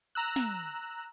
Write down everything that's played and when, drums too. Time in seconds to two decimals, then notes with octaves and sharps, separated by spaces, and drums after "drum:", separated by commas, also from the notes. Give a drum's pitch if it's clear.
0.15 A#5 E6 F#6
0.36 drum: snare